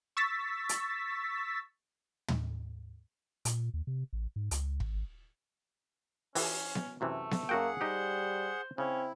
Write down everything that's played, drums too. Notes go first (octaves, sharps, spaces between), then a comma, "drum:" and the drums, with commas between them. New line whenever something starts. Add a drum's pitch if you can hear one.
C#6 E6 A6 B6
drum: hi-hat
drum: tom
A#2, drum: hi-hat
D#2
C3
A1
G#2
C#2, drum: hi-hat
G#1, drum: kick
E3 C#4, drum: open hi-hat
drum: snare B3
F#2 C3 E3 A3
drum: snare B3
F#2 A#3 F#4 G#4 F#5 G5
G3 D#4 G4 C5
C#3 C4 C#4 E4